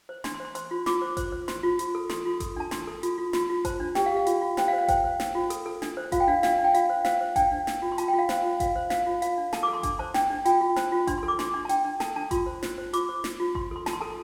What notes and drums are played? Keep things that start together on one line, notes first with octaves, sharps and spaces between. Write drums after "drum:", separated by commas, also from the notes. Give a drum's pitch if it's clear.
C5
D4 C6, drum: snare
C6
C5
C6
C5 C6, drum: hi-hat
F4
F4 D6, drum: snare
C5
C5, drum: kick G#1, hi-hat
C5
C5 C6, drum: snare
F4
F4, drum: hi-hat
A4
A4 C6, drum: snare
F4
A4, drum: kick G#1, hi-hat
D4 A5
D4 C6, drum: snare
A4
F4, drum: hi-hat
F4
F4 C6, drum: snare
F4
C5 A5, drum: kick G#1, hi-hat
D4
G4 G5, drum: snare
F5
G4
F5
F4, drum: hi-hat
F4
C5 G5, drum: snare
F5
C5
F5
C5 G5, drum: kick G#1, hi-hat
C5
C5, drum: snare
F4
A4, drum: hi-hat
A4
D4, drum: snare
C5
F4 F5, drum: kick G#1, hi-hat
G5
D4 F5
D4 F5, drum: snare
D4
G5
F4 F5, drum: hi-hat
C5
C5 F5, drum: snare
C5
D4 G5, drum: kick G#1, hi-hat
D4
D4, drum: snare
F4
C6
F4 A5, drum: hi-hat
G5
F4
F5
C5 F5, drum: snare
F4
F4 F5, drum: kick G#1, hi-hat
C5
C5 F5, drum: snare
F4
F4 F5, drum: hi-hat
D4
A4 A5, drum: snare
D6
A4
C6
D4, drum: kick G#1, hi-hat
C5 A5
D4 G5, drum: snare
D4
F4 G5, drum: hi-hat
F4
C5 A5, drum: snare
F4
D4 C6, drum: kick G#1, hi-hat
C6
A4
D6
D4 C6, drum: snare
D4
A5
D4 G5, drum: hi-hat
D4
A4 A5, drum: snare
D4 A5
F4 C6, drum: kick G#1, hi-hat
C5
C5, drum: snare
C5
F4 D6, drum: hi-hat
C5
F4, drum: snare
F4
F4 C6, drum: kick G#1
A4 C6
F4 A5, drum: snare
C6
A4 A5